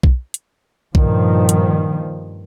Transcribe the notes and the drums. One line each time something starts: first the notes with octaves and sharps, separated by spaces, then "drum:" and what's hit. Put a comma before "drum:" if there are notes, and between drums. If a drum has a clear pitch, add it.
drum: kick B1
drum: hi-hat
G2 A#2 D#3 F3, drum: kick B1
drum: hi-hat